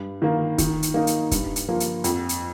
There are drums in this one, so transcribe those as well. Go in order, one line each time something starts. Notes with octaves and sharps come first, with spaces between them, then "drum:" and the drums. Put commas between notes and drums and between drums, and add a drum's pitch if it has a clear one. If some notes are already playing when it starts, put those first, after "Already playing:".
Already playing: G2
D#3 A#3
D#3, drum: kick, hi-hat
drum: hi-hat
A#3 D#4
drum: hi-hat
G2, drum: kick, hi-hat
drum: hi-hat
F3 A#3
drum: hi-hat
F2, drum: hi-hat
drum: hi-hat